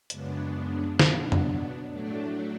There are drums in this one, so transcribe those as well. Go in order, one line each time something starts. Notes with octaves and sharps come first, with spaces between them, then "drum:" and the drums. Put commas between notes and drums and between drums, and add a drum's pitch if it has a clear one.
F#2 C#3 G#3 B3 D4, drum: hi-hat
B2 F#3 B3 D4, drum: snare
drum: tom F2
A2 F#3 A3 D4